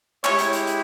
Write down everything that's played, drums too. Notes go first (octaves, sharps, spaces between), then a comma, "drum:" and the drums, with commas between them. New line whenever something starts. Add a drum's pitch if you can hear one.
G#3 E4 G4 C#5, drum: clap
drum: hi-hat
drum: hi-hat
drum: hi-hat